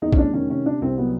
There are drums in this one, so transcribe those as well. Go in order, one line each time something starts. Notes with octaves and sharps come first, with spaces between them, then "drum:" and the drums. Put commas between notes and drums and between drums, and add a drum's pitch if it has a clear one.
E2 D#4
C#4, drum: kick
F1 D4
D#3 C#4
C3 C#4
C3 D4
C2 C4
F#3 B3